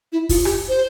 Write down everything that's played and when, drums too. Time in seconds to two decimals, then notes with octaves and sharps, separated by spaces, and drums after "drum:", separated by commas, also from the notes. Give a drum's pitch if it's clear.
0.12 E4
0.29 F4, drum: kick, open hi-hat
0.45 G4, drum: rim click
0.69 C5